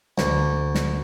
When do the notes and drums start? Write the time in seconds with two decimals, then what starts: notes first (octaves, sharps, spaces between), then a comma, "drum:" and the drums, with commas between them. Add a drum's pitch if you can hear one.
0.18 D2, drum: snare
0.75 drum: snare